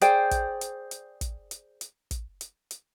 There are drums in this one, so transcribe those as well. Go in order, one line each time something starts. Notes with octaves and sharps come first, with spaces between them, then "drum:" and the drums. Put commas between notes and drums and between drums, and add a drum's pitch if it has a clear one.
G#4 C5 D5 G5, drum: hi-hat
drum: kick, hi-hat
drum: hi-hat
drum: hi-hat
drum: kick, hi-hat
drum: hi-hat
drum: hi-hat
drum: kick, hi-hat
drum: hi-hat
drum: hi-hat